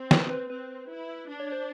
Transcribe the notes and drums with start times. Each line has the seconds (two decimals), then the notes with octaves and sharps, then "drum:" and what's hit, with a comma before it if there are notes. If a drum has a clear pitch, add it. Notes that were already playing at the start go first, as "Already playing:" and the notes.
Already playing: C4
0.11 B4, drum: snare
0.30 B4
0.50 C4 B4
0.89 E4
1.28 D4
1.40 C#5
1.52 C5